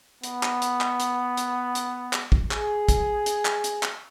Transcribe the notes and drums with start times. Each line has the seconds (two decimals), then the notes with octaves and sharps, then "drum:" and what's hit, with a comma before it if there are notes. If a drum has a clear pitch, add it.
0.24 B3, drum: hi-hat
0.43 drum: clap
0.62 drum: hi-hat
0.81 drum: clap
1.00 drum: hi-hat
1.37 drum: hi-hat
1.75 drum: hi-hat
2.13 drum: clap
2.32 drum: kick
2.51 G#4, drum: clap
2.89 drum: kick, hi-hat
3.26 drum: hi-hat
3.45 drum: clap
3.64 drum: hi-hat
3.83 drum: clap